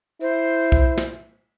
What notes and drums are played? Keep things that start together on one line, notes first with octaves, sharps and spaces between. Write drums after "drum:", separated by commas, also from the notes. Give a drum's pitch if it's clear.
E4 C5
drum: kick B1
drum: snare